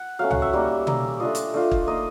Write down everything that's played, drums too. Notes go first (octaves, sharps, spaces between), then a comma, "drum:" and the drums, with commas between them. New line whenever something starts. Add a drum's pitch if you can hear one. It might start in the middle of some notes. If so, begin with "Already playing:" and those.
Already playing: F#5
F#3 A3 C#4 F5
F#5, drum: tom C#2
E5
G3 A#3 D#4
G3 A#3 D#4, drum: tom B2
A3 D4 F4 D#5
drum: hi-hat
A3 D4 F4
drum: kick
A#3 D#4 D#5